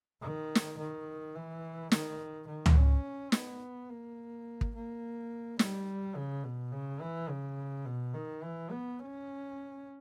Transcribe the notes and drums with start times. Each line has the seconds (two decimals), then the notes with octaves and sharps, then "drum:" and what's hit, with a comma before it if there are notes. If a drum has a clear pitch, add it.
0.21 D#3
0.55 drum: snare
0.78 D#3
1.35 E3
1.92 D#3, drum: snare
2.47 D#3
2.66 drum: tom C#2
2.76 C#4
3.32 B3, drum: snare
3.90 A#3
4.61 drum: kick
4.75 A#3
5.59 G3, drum: snare
6.16 C#3
6.44 B2
6.72 C#3
7.01 E3
7.29 C#3
7.85 B2
8.14 D#3
8.43 E3
8.71 B3
8.99 C#4